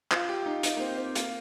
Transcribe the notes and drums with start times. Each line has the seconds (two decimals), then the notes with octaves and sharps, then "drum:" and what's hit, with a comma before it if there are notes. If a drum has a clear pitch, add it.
0.11 F4, drum: clap
0.29 G4
0.46 D#4
0.63 D#4, drum: hi-hat
0.76 A#3
0.80 C4
0.97 C4
1.15 A#3, drum: hi-hat